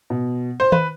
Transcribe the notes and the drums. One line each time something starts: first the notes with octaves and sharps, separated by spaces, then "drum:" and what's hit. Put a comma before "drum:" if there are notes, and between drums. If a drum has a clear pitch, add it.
B2
C5
B4, drum: tom D#3